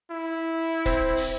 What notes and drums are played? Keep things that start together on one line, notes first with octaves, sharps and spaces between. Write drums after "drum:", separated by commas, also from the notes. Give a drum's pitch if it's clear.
E4
C4, drum: kick, hi-hat
drum: open hi-hat